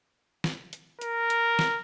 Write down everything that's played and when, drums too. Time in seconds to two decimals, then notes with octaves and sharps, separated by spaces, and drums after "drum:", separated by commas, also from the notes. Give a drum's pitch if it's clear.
0.44 drum: snare
0.73 drum: hi-hat
1.01 A#4, drum: hi-hat
1.30 drum: hi-hat
1.59 drum: snare